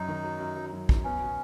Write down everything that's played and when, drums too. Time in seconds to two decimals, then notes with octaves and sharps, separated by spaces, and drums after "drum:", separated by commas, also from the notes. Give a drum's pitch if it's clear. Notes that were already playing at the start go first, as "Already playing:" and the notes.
Already playing: F#2 F#3 D#4
0.08 D#3
0.24 F#3
0.40 F#2
0.57 F#3
0.72 F#2
0.89 F#2, drum: kick
1.04 B3 C#4
1.21 B2